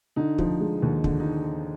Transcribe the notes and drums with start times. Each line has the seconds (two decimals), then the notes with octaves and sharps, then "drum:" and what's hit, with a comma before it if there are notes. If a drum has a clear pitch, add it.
0.16 D3 D#4
0.38 F3, drum: kick
0.60 G#3
0.82 D#2
1.04 D3, drum: kick
1.20 D#4